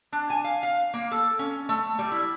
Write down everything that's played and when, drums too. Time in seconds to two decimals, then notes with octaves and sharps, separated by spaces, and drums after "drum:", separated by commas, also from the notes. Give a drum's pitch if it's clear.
0.12 D4
0.30 G#5
0.44 F5, drum: hi-hat
0.63 F5
0.94 A#3, drum: hi-hat
1.11 A4
1.39 C#4
1.69 A3, drum: hi-hat
1.99 G3
2.12 E4